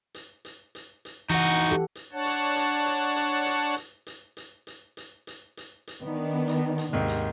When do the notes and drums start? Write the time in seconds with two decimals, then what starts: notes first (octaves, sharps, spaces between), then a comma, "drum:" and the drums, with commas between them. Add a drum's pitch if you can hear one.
0.14 drum: hi-hat
0.45 drum: hi-hat
0.75 drum: hi-hat
1.05 drum: hi-hat
1.30 E3 D#4 F#4 F#5
1.71 G4 A4
1.95 drum: hi-hat
2.12 D4 C#5 F#5 A5
2.26 drum: hi-hat
2.56 drum: hi-hat
2.86 drum: hi-hat
3.16 drum: hi-hat
3.46 drum: hi-hat
3.76 drum: hi-hat
4.07 drum: hi-hat
4.37 drum: hi-hat
4.67 drum: hi-hat
4.97 drum: hi-hat
5.27 drum: hi-hat
5.57 drum: hi-hat
5.87 drum: hi-hat
6.04 D#3 B3 D4
6.48 drum: hi-hat
6.78 drum: hi-hat
6.93 D#2 G#2 C3 D#3
7.08 drum: hi-hat